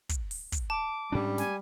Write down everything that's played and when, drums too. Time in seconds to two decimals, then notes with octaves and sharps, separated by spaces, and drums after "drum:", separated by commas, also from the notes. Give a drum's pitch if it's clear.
0.09 drum: kick, hi-hat
0.31 drum: open hi-hat
0.52 drum: kick, hi-hat
0.70 A5 D6
1.12 G#2 G3 C#4 D4
1.38 G#5, drum: snare